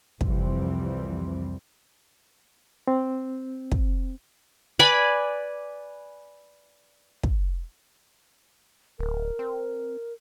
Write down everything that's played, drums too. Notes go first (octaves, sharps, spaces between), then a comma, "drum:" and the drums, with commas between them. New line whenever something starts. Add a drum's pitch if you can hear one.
C2 F2 C3 E3 G3 C4, drum: kick
C4
drum: kick
B4 D5 G#5 B5
drum: kick
D1 A#4
C4